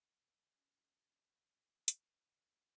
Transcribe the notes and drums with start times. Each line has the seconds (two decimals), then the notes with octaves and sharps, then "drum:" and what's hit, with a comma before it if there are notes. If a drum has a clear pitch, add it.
0.55 C#4 F#4 G#5
1.88 drum: hi-hat